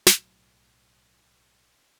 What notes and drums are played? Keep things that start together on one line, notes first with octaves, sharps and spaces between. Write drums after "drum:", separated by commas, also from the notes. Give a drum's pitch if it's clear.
B1 A2 F#3, drum: snare